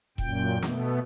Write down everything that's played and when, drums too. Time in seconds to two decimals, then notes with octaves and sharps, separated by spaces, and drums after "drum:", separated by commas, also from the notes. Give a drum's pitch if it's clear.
0.18 F#2 A#2 G5, drum: kick E1
0.62 B2 A3 B3, drum: snare